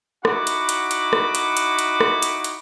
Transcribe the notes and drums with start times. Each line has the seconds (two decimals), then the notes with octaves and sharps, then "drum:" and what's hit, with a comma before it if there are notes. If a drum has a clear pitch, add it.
0.25 D#4 E4 F#4 F#5 B5 D6, drum: rim click
0.47 drum: hi-hat
0.69 drum: hi-hat
0.91 drum: hi-hat
1.13 drum: rim click
1.35 drum: hi-hat
1.57 drum: hi-hat
1.79 drum: hi-hat
2.01 drum: rim click
2.22 drum: hi-hat
2.44 drum: hi-hat